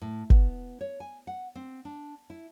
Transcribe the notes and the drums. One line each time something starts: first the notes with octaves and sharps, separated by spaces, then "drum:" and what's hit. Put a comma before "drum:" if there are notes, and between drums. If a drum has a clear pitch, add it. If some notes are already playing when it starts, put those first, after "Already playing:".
A2
B3, drum: kick
C#5
G#5
F#5
C4
D4
E4